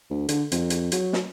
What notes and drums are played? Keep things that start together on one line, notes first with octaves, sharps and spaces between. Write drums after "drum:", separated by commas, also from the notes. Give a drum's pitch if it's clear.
D2
D3, drum: hi-hat
F2, drum: hi-hat
drum: hi-hat
F#3, drum: hi-hat
drum: snare